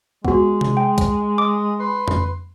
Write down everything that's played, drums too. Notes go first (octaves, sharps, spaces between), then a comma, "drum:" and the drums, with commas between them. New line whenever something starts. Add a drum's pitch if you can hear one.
G#3 B3 F#4, drum: kick
drum: tom C3
G5
drum: kick, hi-hat
D#5 D6
B4 C6
drum: tom F2